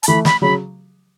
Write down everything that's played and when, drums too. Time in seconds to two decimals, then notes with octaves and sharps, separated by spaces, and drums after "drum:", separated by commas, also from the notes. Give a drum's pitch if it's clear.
0.03 A5, drum: hi-hat
0.08 E3 A3 B5
0.25 B5, drum: snare
0.42 C#3 F#3 B5